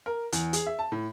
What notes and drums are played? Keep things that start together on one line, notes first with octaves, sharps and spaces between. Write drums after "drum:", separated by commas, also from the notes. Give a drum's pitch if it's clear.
A#4
E2, drum: hi-hat
G#4, drum: hi-hat
E5
A5
A2